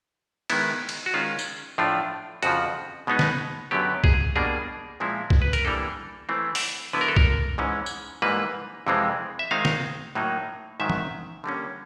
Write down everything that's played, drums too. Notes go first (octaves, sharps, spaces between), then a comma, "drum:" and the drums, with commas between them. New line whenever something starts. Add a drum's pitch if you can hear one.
D#3 G#3 B3 E4, drum: cymbal
drum: cymbal
F#4
D#3 G#3 C#4 F4
drum: tambourine
A2 F3 A3 D4 F4
F2 C#3 F3 F#4, drum: hi-hat
B2 G#3 B3 D#4
drum: snare
F#2 D3 F#3 B3 G4
G#4, drum: kick B1
B2 G3 A#3 D4 G#4
A#2 F3 G#3 C4 E4
drum: kick B1
B4
A#4, drum: hi-hat
E3 G3 A#3 D4 A4
E3 A3 C4
drum: open hi-hat
D3 F#3 B3 E4 B4
A#4
A4
A#4, drum: kick B1
G#2 E3 G#3 C#4
drum: tambourine
G#2 E3 G3 A#3 B4
F2 C3 E3 G#3 C4
E5
D#3 G#3 C4 D#4 F5
drum: snare
A2 F#3 A#3 D#4
G#2 D#3 F#3 E5
drum: tom
D3 G3 A#3 C#4